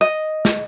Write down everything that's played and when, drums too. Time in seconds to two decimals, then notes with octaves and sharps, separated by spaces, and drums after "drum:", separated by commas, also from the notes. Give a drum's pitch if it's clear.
0.01 D#5
0.45 drum: snare